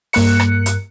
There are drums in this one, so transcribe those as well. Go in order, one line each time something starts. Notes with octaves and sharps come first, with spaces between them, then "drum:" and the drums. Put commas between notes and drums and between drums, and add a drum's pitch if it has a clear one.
G2 A#3 F#6 C#7, drum: open hi-hat
drum: rim click
drum: hi-hat